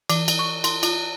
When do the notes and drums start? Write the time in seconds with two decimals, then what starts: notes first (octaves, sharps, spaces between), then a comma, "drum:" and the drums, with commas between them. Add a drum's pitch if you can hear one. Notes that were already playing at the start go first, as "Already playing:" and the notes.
0.10 E3, drum: cymbal
0.28 drum: cymbal
0.39 C#6
0.64 C6, drum: cymbal
0.83 F4, drum: cymbal